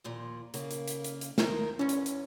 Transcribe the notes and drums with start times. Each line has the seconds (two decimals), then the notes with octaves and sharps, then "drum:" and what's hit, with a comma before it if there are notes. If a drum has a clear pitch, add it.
0.04 D#2 A#2 F3
0.54 C#3 A#3, drum: hi-hat
0.71 drum: hi-hat
0.88 drum: hi-hat
1.04 drum: hi-hat
1.21 drum: hi-hat
1.38 D#3 F3 A#4, drum: snare
1.79 E2 G#2 C#4
1.89 drum: hi-hat
2.06 drum: hi-hat